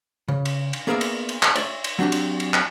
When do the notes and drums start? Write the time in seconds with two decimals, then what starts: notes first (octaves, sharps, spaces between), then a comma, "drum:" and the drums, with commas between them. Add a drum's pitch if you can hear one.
0.28 C#3
0.45 drum: cymbal
0.73 drum: cymbal
0.87 A#3 B3 G#4 A#4 D5 E5
1.01 drum: cymbal
1.29 drum: cymbal
1.43 drum: clap
1.56 C#5 D5 E5, drum: cymbal
1.84 drum: cymbal
1.99 F#3 C4 D4 F#4 G4
2.12 drum: cymbal
2.40 drum: cymbal
2.54 drum: clap